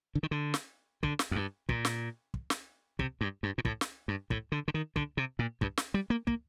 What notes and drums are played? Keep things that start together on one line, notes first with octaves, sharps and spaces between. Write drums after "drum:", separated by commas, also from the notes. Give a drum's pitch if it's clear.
D3
D#3
D3
drum: snare
D3, drum: kick
drum: snare
F2
G2
A#2, drum: kick
drum: snare
drum: kick
drum: snare
C3, drum: kick
G2
G2
A#2
A2, drum: kick
drum: snare
G2
A2, drum: kick
D3
D3
D#3
D3, drum: kick
C3
A#2
G2, drum: kick
drum: snare
G3
A#3
A#3, drum: kick